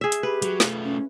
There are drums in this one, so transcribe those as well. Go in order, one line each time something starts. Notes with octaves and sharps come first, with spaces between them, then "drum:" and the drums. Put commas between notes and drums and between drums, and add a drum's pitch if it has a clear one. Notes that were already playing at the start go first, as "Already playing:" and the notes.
G#4 E5
drum: hi-hat
G4 B4
F#3, drum: hi-hat
A3 F4, drum: snare
C#4